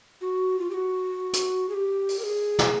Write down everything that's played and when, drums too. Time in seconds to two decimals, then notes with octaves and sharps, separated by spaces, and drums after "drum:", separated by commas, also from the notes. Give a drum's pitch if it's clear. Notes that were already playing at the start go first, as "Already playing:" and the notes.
0.21 F#4
0.59 F4
0.70 G4
0.74 F#4
1.33 drum: hi-hat
1.69 G#4
1.74 G4
2.09 drum: open hi-hat
2.19 A#4
2.24 G#4
2.59 drum: snare